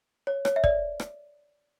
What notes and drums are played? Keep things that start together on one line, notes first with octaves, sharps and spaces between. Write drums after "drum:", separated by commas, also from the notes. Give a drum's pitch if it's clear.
C#5
C#5, drum: rim click
E5
D5, drum: kick
drum: rim click